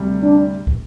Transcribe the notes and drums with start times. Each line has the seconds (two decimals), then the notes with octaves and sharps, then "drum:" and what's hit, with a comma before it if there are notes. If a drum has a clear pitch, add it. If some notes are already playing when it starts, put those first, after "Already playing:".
Already playing: D2 C3 G3
0.22 D4
0.67 drum: kick